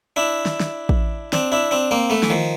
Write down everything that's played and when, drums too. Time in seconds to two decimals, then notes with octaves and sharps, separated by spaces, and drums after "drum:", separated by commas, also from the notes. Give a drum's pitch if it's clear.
0.16 D4 E4
0.46 drum: snare
0.60 drum: snare
0.89 drum: kick A1
1.33 C4 D4, drum: snare
1.52 D4 E4
1.71 C4 D4
1.91 A#3 C4
2.10 A3 B3
2.23 E3, drum: snare
2.30 D#3 F3